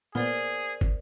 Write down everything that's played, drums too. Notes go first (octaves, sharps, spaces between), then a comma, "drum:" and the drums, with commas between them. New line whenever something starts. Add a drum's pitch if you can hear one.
A#2 B3 G#4 A#4 C5 D5
drum: kick